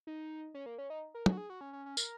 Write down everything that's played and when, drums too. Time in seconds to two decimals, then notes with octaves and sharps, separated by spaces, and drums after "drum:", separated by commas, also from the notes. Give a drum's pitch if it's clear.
0.07 D#4
0.54 C#4
0.66 A#3
0.78 C#4
0.90 D#4
1.14 A#4
1.26 G#4, drum: tom
1.32 F#4
1.37 G#4
1.50 F#4
1.61 C#4
1.73 C#4
1.86 C#4
1.97 A#4, drum: tambourine